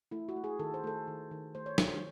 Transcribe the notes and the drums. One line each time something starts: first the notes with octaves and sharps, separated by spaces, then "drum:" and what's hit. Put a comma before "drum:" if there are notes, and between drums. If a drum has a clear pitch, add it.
A3 E4
F#4
A3
G#4
D#3 A4
C5
A3 A4
D#3
D#3
A3 C5
C#5
D#3 C5, drum: snare